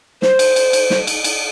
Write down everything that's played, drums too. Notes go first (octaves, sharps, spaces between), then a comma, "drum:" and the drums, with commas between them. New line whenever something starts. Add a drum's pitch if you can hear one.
C5, drum: snare
drum: cymbal
drum: cymbal
drum: cymbal
drum: snare
drum: cymbal
drum: cymbal